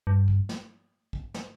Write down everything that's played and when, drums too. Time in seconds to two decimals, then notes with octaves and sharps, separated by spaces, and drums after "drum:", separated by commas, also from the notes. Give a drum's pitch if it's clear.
0.07 G2
0.28 drum: kick
0.49 drum: snare
1.13 drum: kick
1.34 drum: snare